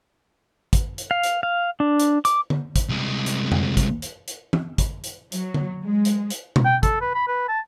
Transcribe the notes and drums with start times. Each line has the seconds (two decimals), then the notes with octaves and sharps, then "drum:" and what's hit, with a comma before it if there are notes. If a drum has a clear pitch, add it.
0.73 drum: kick, hi-hat
0.98 drum: hi-hat
1.11 F5
1.24 drum: hi-hat
1.43 F5
1.80 D4
2.00 drum: hi-hat
2.25 D6, drum: hi-hat
2.50 drum: tom D3
2.76 drum: kick, hi-hat
2.89 C2 G#3
3.26 drum: hi-hat
3.52 drum: tom F2
3.77 drum: kick, hi-hat
4.02 drum: hi-hat
4.28 drum: hi-hat
4.53 drum: tom E3
4.78 drum: kick, hi-hat
5.04 drum: hi-hat
5.32 F#3, drum: hi-hat
5.54 drum: tom D3
5.84 G#3
6.05 drum: hi-hat
6.30 drum: hi-hat
6.56 drum: tom B2
6.65 G5
6.83 A4, drum: kick, hi-hat
7.01 B4
7.15 B5
7.27 B4
7.48 A5